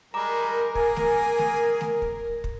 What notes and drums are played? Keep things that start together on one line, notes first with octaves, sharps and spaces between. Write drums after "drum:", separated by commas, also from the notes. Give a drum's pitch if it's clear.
G3 G#3 A#4 A#5 D6
A#3 G#4 G#5, drum: kick
drum: snare A3
drum: snare A3
drum: snare A3
drum: kick
drum: kick